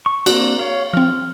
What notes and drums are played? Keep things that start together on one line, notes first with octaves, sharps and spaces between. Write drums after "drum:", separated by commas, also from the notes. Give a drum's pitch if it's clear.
C#6
A#3 C4 D4 F#4, drum: cymbal
C#5 F5
F3 C4 F6